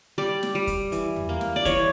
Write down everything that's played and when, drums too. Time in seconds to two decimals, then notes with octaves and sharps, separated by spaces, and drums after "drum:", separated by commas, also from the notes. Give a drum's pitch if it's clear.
0.18 G3 D5
0.43 drum: snare
0.55 G3
0.67 drum: kick, hi-hat
0.92 E3, drum: hi-hat
1.16 drum: tom E2
1.29 A#3
1.41 drum: snare
1.56 D5
1.65 E3 C#5, drum: kick, hi-hat